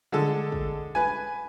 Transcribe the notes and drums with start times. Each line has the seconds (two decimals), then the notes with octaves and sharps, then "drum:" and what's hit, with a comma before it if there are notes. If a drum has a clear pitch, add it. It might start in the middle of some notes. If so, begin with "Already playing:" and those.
0.12 D3 G#3 A4
0.52 drum: kick
0.95 B4 G#5